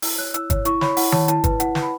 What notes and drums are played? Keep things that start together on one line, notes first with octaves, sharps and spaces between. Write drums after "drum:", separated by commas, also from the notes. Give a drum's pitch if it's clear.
E4 E6, drum: open hi-hat
C#5 F#6
E4 E6, drum: hi-hat
C#5, drum: kick, hi-hat
E4 C#6, drum: hi-hat
C#5 B5, drum: snare
E4 F#5, drum: open hi-hat
C#5 A5, drum: tom D#3
E4 A5, drum: hi-hat
B4, drum: kick, hi-hat
E4 F#5, drum: hi-hat
B4, drum: snare
B5